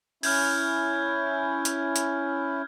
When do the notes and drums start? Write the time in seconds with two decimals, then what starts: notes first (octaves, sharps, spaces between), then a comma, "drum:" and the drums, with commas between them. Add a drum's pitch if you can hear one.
0.23 C#4 E4 F6 G6 G#6, drum: open hi-hat
1.65 drum: hi-hat
1.96 drum: hi-hat